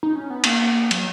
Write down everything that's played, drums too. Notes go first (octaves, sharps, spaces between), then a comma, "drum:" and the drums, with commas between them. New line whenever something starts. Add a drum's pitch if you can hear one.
D#4
C#4
B3
A#3, drum: cymbal
F#3, drum: cymbal